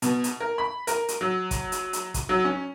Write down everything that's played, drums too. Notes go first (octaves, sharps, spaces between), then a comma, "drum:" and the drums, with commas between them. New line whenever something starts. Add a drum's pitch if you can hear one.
B2, drum: hi-hat
drum: hi-hat
A#4
B5
A#4, drum: hi-hat
drum: hi-hat
F#3
drum: kick, hi-hat
drum: hi-hat
drum: hi-hat
drum: kick, hi-hat
F#3
C#4